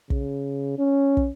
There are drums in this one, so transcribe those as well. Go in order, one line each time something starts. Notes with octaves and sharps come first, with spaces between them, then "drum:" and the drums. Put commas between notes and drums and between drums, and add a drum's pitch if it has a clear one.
C#3, drum: kick
C#4
drum: kick